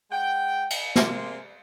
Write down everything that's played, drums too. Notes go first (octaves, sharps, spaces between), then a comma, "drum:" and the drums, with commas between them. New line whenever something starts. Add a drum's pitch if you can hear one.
G#3 F#5 G5
drum: cymbal
C3 A#3 G#4 C6, drum: snare